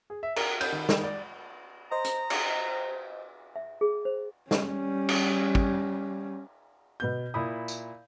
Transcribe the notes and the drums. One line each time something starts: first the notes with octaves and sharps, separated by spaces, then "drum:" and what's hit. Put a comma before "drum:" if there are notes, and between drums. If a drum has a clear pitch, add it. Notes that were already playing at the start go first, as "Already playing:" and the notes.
G#4
E5
A#4, drum: cymbal
G6, drum: cymbal
D#3
D#3, drum: snare
D5
C5 D#5 A#5
drum: hi-hat
drum: cymbal
E5
G#4
C5
G3 C#4, drum: snare
drum: cymbal
drum: kick
B2 B3 G6
A#2 E4 B5 D#6
drum: tambourine